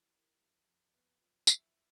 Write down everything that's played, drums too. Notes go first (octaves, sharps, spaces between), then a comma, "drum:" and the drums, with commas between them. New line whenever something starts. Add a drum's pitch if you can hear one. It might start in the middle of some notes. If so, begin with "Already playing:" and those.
Already playing: E3 G3
E3 A#4
F1
F1
B3 B4
F#3 F4
F#3 E4, drum: tambourine